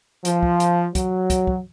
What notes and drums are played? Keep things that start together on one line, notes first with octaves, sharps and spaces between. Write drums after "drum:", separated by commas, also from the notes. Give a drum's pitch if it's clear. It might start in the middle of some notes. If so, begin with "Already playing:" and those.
F3, drum: hi-hat
drum: kick
drum: hi-hat
F#3, drum: kick, hi-hat
drum: kick, hi-hat
drum: kick